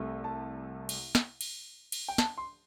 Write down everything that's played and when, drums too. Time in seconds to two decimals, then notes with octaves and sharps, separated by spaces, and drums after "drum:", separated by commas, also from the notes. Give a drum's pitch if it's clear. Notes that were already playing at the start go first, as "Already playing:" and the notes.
Already playing: C2 C3 A3
0.24 A5
0.89 drum: cymbal
1.15 drum: snare
1.41 drum: cymbal
1.92 drum: cymbal
2.08 G5
2.18 A5, drum: snare
2.38 C6